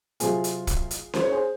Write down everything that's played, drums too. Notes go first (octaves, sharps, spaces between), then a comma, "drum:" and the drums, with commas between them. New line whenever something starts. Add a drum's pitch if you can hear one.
C3 F#3 C4 F4 G#4, drum: hi-hat
drum: hi-hat
drum: kick, hi-hat
drum: hi-hat
C5, drum: snare C#4
C#5
G#4 C5